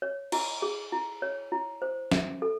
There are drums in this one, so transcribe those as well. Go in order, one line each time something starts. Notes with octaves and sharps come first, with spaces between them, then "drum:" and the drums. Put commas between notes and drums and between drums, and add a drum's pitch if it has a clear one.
C#5
E4, drum: cymbal
G#4
E4
C#5
E4
C5
E5, drum: snare
A4